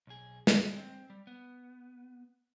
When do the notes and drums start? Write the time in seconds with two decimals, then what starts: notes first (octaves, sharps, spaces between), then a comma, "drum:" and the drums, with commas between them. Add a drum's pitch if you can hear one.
0.07 B1 G#4
0.47 D3 D#5, drum: snare
0.76 C4
1.10 G3
1.27 B3